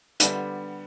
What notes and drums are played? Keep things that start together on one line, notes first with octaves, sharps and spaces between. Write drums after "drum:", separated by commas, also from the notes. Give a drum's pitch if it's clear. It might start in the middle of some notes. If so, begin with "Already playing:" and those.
D3 G3 B3, drum: hi-hat